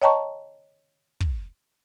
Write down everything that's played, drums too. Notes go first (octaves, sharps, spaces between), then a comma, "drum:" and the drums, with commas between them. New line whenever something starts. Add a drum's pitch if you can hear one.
C#5 D#5 G5 A5 A#5 C#6
drum: kick